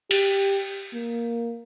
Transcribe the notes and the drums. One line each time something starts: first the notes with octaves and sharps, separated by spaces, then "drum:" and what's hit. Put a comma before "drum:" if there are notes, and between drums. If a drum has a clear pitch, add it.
G4, drum: cymbal
A#3